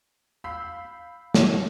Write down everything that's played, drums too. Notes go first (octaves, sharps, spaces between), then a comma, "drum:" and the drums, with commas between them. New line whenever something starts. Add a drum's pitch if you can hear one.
F5 B5 E6 G6 B6 C7
drum: snare